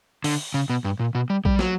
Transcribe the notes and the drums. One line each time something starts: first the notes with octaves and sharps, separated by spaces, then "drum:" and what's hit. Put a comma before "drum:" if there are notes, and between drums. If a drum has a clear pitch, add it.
D3, drum: open hi-hat
C#3
B2
G2
A#2
B2
G3
G3, drum: kick A#1
F#3, drum: snare